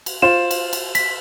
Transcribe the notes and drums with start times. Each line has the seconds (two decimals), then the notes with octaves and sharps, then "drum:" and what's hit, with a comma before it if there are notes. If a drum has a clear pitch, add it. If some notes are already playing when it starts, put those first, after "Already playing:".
0.06 drum: cymbal
0.22 F4 C5 E7
0.51 drum: cymbal
0.73 drum: cymbal
0.95 B6, drum: cymbal